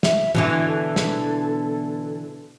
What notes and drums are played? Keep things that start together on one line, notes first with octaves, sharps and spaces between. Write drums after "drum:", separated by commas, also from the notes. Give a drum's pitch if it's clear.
E5, drum: snare
B2 D3 E3 E5, drum: tom
A4
drum: snare